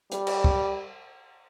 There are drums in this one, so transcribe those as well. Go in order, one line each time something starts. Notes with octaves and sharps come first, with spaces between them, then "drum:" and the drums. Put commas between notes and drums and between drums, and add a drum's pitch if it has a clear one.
G3, drum: hi-hat
drum: cymbal
drum: kick